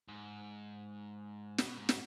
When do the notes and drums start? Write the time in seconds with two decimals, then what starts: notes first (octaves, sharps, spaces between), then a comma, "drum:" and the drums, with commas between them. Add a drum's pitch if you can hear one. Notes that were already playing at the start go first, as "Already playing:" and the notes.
0.08 G#2
1.58 B2, drum: snare
1.77 G#2
1.89 B2, drum: snare